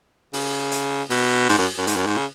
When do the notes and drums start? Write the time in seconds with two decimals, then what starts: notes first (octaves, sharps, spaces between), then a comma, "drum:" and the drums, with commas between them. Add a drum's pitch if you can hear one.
0.33 C#3, drum: open hi-hat
0.72 drum: hi-hat
1.10 B2, drum: open hi-hat
1.49 G#2, drum: open hi-hat
1.58 F#2
1.78 F#2
1.87 G#2, drum: hi-hat
1.96 F#2
2.06 G#2
2.17 C#3